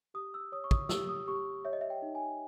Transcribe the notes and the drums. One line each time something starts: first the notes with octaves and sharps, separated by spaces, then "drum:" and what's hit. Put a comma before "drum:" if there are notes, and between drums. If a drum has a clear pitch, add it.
G4 D#6
E6
C#5 D#6
C#6
D#6, drum: kick
G4 E6, drum: snare
D#6
G4 C#6
C#5 E5
D#5
E5
G5
D#4
G#5